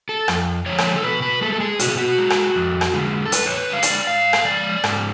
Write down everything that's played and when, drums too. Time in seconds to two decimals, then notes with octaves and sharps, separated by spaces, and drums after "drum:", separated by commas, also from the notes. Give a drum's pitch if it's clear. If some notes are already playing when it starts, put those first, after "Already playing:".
0.09 A4
0.28 F2, drum: rim click
0.66 D3 F3 G#3 C#5
0.78 drum: rim click
0.96 A4
1.03 B2 B4
1.22 B4
1.41 G#3 A4
1.53 A4
1.60 G#4
1.79 B2 F#4, drum: hi-hat
1.88 G#4
1.97 F#4
2.18 G#3
2.30 drum: rim click
2.56 F2
2.81 drum: rim click
2.94 D3 G#3
3.25 A4
3.32 F2 B4, drum: hi-hat
3.46 C#5
3.57 B4
3.69 D3 G#3 F5
3.83 D5, drum: hi-hat
4.07 G#2 F5
4.33 drum: rim click
4.45 F3 G#3 D5
4.84 G#2, drum: rim click